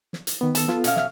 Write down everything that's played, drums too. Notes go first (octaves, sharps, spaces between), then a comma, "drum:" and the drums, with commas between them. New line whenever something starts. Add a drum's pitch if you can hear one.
drum: snare
drum: hi-hat
D#3 B3
A4 A5, drum: hi-hat
B3 F4, drum: snare
B2 C#4 F5, drum: hi-hat
E5 F6, drum: snare